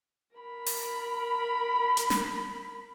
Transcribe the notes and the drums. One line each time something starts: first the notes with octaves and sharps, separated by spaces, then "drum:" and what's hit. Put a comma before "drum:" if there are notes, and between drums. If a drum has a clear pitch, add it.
A#4 B5
drum: open hi-hat
drum: hi-hat
drum: snare